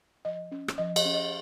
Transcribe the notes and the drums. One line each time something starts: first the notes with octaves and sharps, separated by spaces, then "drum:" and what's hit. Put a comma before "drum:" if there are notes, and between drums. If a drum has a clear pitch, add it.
F3 D#5
C#4
drum: rim click
F3 D#5
D#5, drum: cymbal
C#4
D#5